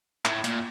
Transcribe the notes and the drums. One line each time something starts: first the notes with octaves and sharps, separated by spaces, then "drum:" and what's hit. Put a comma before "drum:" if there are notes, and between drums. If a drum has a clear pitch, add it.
A2, drum: clap
A#2, drum: hi-hat